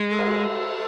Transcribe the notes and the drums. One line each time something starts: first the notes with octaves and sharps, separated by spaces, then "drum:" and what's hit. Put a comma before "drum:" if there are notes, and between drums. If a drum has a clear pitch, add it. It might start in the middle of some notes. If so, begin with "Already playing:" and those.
Already playing: G#3
A4
A#4, drum: cymbal
A4